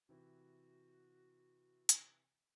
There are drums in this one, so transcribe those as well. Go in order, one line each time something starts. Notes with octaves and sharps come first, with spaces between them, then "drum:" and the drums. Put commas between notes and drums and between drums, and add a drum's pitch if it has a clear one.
C3 E3 F#4
drum: hi-hat